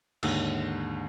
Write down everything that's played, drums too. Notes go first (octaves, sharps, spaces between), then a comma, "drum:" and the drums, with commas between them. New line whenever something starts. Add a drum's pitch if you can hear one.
D#2 G#2 D3, drum: cymbal